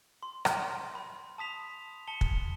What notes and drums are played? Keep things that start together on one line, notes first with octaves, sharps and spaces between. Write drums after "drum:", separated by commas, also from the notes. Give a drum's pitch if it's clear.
C6
drum: rim click
B5
A5 D#6 B6 F7
A5 C#7 G7
drum: kick